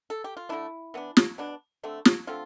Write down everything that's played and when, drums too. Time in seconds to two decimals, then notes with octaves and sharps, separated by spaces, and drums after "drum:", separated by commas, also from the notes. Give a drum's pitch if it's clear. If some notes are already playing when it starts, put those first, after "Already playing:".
0.10 A4
0.24 G4
0.37 F4
0.49 D3 A3 D4 E4
0.94 E3 B3 D4
1.17 drum: snare
1.38 B2 B3 D4
1.83 D3 A3 C4
2.05 drum: snare
2.27 D3 A3 C4 F4